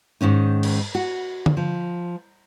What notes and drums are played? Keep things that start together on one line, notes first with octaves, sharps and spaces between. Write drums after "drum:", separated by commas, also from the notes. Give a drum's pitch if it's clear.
G#2 D#3 C#4 D#4
drum: cymbal
F#4
drum: tom D3
F3